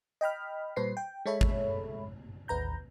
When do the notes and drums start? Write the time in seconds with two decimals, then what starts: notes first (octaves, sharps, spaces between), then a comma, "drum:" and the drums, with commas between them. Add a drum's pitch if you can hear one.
0.21 D#5 G5 B5 F6
0.76 A#2 G3 B4 C5 C7
0.97 G5
1.26 G#3 A4 C#5 E5 B5
1.41 drum: kick
2.48 A1 D#2 B4 A#5 G6